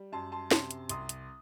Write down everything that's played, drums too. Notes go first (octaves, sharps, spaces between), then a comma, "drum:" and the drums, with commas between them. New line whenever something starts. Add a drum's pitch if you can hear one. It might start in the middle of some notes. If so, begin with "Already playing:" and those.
Already playing: G3
F#2 A5 C6
A5 C6
C3 A5 C6, drum: snare
drum: hi-hat
C2 C6 D#6, drum: hi-hat
drum: hi-hat